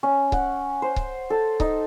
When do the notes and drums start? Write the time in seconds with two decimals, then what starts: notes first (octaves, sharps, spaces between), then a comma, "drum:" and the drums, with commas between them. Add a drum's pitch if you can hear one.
0.03 C#4
0.32 F#5, drum: kick C#1
0.82 C5
0.96 drum: kick C#1
1.30 A4
1.60 D#4, drum: kick C#1